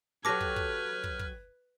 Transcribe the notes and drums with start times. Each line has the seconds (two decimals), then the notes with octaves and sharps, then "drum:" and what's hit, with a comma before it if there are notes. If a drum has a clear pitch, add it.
0.25 F#3 G4 A4 B4 D6 F6 G#6 A#6
0.40 drum: kick
0.56 drum: kick
1.04 drum: kick
1.19 drum: kick